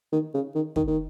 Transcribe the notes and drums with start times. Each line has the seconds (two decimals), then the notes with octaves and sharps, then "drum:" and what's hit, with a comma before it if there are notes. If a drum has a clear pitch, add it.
0.12 D#3
0.34 C#3
0.55 D#3
0.76 D#3, drum: kick
0.87 D#3